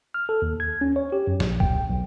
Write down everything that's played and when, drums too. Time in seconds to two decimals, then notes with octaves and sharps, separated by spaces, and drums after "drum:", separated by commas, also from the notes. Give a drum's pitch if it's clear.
0.14 F6
0.29 A4
0.42 D#2
0.60 G#6
0.81 C#4
0.96 C#5
1.12 G4
1.27 F#2
1.40 A#1, drum: snare F3
1.60 G5, drum: kick B1
1.90 B1